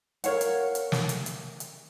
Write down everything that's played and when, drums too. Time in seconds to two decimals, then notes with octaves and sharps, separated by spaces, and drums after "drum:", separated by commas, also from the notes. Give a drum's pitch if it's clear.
0.24 A#4 C#5 F5 F#5, drum: hi-hat
0.41 drum: hi-hat
0.75 drum: hi-hat
0.92 drum: snare
1.09 drum: hi-hat
1.26 drum: hi-hat
1.60 drum: hi-hat